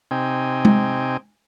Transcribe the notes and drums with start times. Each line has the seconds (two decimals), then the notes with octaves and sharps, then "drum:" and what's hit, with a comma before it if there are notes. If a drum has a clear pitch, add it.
0.11 C3 C4 D#4 G5 G#5
0.65 drum: tom G#3